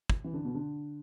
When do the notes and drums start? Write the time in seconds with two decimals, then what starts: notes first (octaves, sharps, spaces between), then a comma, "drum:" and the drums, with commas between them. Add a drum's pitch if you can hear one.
0.10 drum: kick
0.24 E3
0.34 D3
0.45 B2
0.54 D3